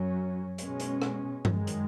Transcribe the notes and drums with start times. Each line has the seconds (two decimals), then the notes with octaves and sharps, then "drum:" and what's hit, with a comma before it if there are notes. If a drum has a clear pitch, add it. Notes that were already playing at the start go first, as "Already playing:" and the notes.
Already playing: F#2 F#3 C#4
0.58 B2 G#3 C#4, drum: hi-hat
0.80 drum: hi-hat
1.02 drum: rim click
1.45 F#2 D#3 G#3, drum: tom G2
1.67 drum: hi-hat